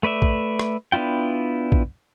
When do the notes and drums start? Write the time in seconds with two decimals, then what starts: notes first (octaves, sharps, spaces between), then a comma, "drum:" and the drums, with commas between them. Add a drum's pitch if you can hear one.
0.03 A3 B4 D5 E5
0.22 drum: kick
0.59 drum: rim click
0.92 B3 D4 E4 F4 G5
1.72 drum: kick